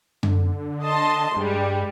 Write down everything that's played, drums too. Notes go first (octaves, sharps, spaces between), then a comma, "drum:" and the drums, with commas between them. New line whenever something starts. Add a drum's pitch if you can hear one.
D3, drum: tom F#2
D#5 A5 C6
G2 G3 G#3